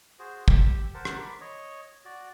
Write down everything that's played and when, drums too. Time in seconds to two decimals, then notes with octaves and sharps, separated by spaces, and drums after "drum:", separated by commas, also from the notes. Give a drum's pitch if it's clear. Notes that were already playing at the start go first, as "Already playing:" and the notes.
0.19 F#4 G#4 C5
0.48 G4 E6, drum: kick
0.94 A#4 C5 F#5 A5
1.05 drum: rim click
1.20 B5 D6
1.41 C#5 D#5
2.05 F#4 D5